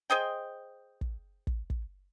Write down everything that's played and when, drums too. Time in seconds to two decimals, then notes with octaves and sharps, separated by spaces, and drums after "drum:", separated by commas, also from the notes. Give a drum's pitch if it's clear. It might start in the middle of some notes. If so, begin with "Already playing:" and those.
0.10 G#4 C5 D#5 G5
1.01 drum: kick
1.47 drum: kick
1.70 drum: kick